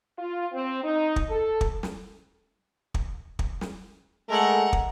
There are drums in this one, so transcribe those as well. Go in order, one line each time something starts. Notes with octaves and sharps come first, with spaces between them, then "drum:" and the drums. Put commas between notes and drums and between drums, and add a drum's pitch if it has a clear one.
F4
C4
D#4
drum: kick
A4
drum: kick
drum: snare
drum: kick
drum: kick
drum: snare
G#3 A3 A4 A#4 F#5
drum: kick